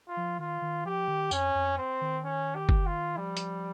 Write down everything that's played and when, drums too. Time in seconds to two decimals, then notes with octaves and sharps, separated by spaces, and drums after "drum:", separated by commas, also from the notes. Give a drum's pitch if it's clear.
0.08 F4
0.17 F3
0.39 D#3 F4
0.62 D#3
0.85 F3 G4
1.08 D#3
1.31 F2 C#4, drum: tambourine
1.55 F2
1.78 C4
2.01 D#3
2.24 C#4
2.55 G4
2.69 drum: kick F#1
2.86 F4
3.17 F3 G3
3.37 drum: hi-hat